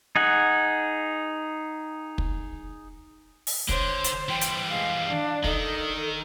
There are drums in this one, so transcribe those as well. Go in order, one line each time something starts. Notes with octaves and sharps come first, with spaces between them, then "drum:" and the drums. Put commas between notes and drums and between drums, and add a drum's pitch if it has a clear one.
D#4 G#4 F#5
drum: kick
drum: open hi-hat
D3 C5 C#5, drum: kick
drum: hi-hat
E3 G3 G5
drum: hi-hat
G#3 F5
D4
D#3 D#4 A4, drum: kick